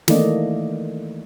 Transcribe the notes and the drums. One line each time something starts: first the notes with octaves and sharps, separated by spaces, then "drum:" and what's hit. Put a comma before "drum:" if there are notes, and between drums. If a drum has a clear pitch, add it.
D#3 E3 A3 A#3 D5 D#5, drum: snare